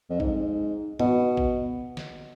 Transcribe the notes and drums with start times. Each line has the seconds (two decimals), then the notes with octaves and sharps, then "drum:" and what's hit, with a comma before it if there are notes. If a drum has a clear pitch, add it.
0.10 F2
0.20 G#2, drum: kick A1
1.00 B2, drum: tom G#2
1.37 drum: kick A1
1.97 drum: snare